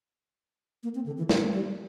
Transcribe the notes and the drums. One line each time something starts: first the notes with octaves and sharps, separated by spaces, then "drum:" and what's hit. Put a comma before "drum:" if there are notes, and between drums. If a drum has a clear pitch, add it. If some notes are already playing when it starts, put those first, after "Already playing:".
A#3
C4
D3
E3
G3, drum: snare
G3